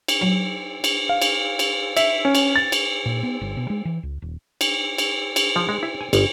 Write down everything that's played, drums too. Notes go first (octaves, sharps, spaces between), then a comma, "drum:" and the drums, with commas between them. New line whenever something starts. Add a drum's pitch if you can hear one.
drum: cymbal
F#3
drum: cymbal
F5
drum: cymbal
drum: cymbal
E5, drum: cymbal
C#4
drum: cymbal
A6
drum: cymbal
A#2
B3
G1
B2
G#3
E3
C#2
D#1
drum: cymbal
drum: cymbal
drum: cymbal
F3
G#3
E4
G#5
G1, drum: cymbal